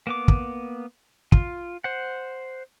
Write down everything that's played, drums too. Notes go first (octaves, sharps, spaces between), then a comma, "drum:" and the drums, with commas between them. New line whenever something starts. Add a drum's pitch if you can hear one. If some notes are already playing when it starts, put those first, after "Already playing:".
A#3 B3 D6
drum: kick
F4, drum: kick
C5 F#5